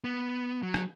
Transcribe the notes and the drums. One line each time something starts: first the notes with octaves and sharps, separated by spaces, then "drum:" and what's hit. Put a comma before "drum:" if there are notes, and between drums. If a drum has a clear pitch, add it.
B3
F#3
drum: rim click